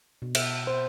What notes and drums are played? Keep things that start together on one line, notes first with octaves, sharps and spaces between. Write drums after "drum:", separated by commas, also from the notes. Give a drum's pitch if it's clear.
B2
E5, drum: cymbal
C5